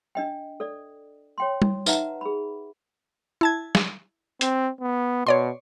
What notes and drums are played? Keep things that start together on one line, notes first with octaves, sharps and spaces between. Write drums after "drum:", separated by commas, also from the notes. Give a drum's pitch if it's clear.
D4 D#5 G5
A4 D5
C#5 G5 C6
drum: tom G3
D#4 B4 E5 F#5 A#5, drum: tambourine
G#4 B5
E4 A5 G#6
drum: snare
C4, drum: hi-hat
B3
B2 C#5 D5 C6